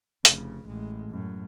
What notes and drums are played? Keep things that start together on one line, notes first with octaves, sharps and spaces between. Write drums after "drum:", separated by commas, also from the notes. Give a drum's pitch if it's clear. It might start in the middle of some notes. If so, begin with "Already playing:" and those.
F1 C#3, drum: hi-hat
A1 G#3
F#2 A2